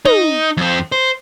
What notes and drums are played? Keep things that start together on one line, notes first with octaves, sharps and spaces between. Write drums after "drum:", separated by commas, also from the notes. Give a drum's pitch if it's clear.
D#4, drum: tom
F2 C4
C5